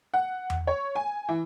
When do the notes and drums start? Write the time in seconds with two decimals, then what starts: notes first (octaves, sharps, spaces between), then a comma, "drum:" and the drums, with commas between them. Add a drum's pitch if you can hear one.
0.14 F#5
0.50 drum: tom E2
0.67 C#5
0.95 G#5
1.29 E3